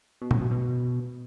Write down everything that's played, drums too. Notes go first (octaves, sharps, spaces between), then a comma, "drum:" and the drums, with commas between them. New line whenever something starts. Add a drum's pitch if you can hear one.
B2
A2, drum: tom
B2
B2